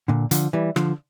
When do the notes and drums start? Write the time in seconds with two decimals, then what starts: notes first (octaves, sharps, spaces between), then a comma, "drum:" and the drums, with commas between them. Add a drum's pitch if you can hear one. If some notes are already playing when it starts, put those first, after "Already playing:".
0.08 A#2 D3
0.31 D3 F3, drum: hi-hat
0.53 E3 G3
0.76 D3 F3, drum: rim click